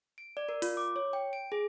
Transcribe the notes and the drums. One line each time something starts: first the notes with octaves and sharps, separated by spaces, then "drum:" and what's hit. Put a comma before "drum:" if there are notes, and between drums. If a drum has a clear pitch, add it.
D7
D5
A#4
F4, drum: open hi-hat
D6
C#5
G5
D7
G#4